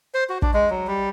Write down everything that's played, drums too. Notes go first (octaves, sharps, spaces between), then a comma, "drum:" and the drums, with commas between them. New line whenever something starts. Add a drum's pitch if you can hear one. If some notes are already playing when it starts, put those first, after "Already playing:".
C5
F#4
D4, drum: kick
G#3
F#3
G3